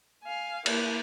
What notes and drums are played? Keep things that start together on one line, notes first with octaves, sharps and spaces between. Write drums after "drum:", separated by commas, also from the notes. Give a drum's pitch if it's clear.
F5 G#5
A#3 E4, drum: cymbal